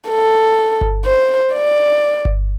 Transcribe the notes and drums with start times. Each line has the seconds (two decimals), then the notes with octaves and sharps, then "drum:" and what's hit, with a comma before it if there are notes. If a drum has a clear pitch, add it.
0.09 A4
0.81 drum: kick G1
1.05 C5
1.53 D5
2.25 drum: kick G1